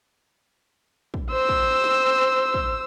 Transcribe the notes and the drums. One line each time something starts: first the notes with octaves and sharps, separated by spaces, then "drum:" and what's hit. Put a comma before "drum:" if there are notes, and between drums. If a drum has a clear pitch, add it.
drum: kick
C5 E6
drum: kick
drum: snare
drum: kick